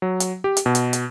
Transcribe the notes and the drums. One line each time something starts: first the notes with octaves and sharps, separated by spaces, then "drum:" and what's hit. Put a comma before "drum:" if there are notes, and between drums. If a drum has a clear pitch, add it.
F#3
drum: hi-hat
G4
drum: hi-hat
B2
drum: hi-hat
drum: hi-hat